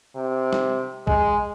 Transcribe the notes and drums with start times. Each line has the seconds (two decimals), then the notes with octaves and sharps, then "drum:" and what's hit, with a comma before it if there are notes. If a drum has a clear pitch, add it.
0.16 C3
0.53 drum: snare
1.07 G#3, drum: kick B1